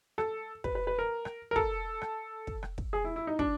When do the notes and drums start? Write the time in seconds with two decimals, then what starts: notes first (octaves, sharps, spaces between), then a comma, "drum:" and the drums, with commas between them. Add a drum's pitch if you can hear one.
0.18 A4, drum: rim click
0.64 B4, drum: kick
0.75 B4
0.87 B4
0.99 A#4
1.25 drum: rim click
1.51 A#4
1.56 A4, drum: kick
2.01 drum: rim click
2.47 drum: kick
2.63 drum: rim click
2.78 drum: kick
2.93 G#4
3.05 E4
3.16 E4
3.27 D#4
3.39 D4, drum: kick